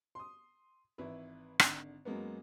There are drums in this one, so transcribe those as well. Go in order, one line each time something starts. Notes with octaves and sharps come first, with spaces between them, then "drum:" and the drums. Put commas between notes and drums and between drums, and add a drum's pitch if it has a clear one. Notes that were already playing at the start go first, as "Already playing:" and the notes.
C6 D#6
G#1 E3 E4 B4
G#1 D3, drum: rim click
F#2 F#3 G#3 A#3 B3